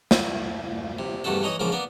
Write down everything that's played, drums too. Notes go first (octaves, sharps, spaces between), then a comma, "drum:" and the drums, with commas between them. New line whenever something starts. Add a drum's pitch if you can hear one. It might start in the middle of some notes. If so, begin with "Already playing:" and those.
drum: snare
C3
E2 G2 C3 A3 F#4 A4
E3 D#4 C#5 D#5
A#1 G#2 C#3 F3 A#3 D6
A#3 B3 D5